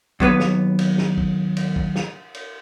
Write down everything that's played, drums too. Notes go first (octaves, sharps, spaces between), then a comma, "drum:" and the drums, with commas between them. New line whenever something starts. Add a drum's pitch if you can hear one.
D#2 F#3 B3 B4, drum: kick
drum: snare
drum: cymbal
drum: snare
drum: kick
drum: cymbal
drum: kick
drum: snare
drum: cymbal